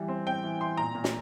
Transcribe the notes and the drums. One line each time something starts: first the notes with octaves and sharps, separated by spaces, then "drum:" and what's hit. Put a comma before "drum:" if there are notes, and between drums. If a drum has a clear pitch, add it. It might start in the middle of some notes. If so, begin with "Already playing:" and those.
Already playing: E3 G3
C4
C4 G5
E3
E3 C6
A#2 A#5
A#2
drum: snare